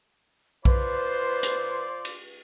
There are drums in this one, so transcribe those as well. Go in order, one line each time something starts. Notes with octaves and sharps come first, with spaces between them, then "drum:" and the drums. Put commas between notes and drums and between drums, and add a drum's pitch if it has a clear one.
F4 B4 C5 D5 C6, drum: kick B1
drum: hi-hat
drum: cymbal